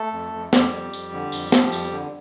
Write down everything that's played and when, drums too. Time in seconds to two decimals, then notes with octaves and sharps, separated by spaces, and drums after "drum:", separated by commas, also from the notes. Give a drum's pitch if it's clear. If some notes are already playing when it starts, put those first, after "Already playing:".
Already playing: A3 A4
0.13 F2
0.34 F2
0.53 F2 G3 G4, drum: snare
0.72 F2
0.93 F2, drum: tambourine
1.13 D3
1.32 F2, drum: tambourine
1.52 F3, drum: snare
1.72 F2, drum: tambourine
1.92 D3